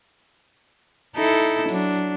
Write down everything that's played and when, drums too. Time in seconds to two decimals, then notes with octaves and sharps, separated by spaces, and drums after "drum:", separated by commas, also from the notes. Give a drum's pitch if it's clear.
1.16 D#4 E4 A4
1.68 F#3 D4, drum: open hi-hat